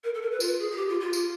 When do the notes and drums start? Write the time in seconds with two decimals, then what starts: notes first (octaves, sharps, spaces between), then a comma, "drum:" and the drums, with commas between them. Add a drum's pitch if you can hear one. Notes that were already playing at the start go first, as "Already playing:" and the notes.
0.04 A#4
0.14 A4
0.22 A#4
0.31 B4
0.40 F4, drum: tambourine
0.59 G#4
0.71 G#4
0.76 G4
0.89 F4
1.00 F4
1.13 drum: tambourine